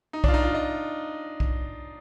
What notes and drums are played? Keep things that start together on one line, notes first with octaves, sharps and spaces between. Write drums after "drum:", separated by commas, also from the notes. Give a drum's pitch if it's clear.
D#4
D4 F4, drum: kick B1
D#4
F4
D#5
drum: kick B1